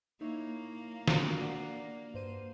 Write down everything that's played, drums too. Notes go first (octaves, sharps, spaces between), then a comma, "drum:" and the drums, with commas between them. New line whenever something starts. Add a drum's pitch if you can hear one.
A#3 D#4 E4 C#5
D4 F4 F#4, drum: snare
D5 F#5
G2 C5 D#7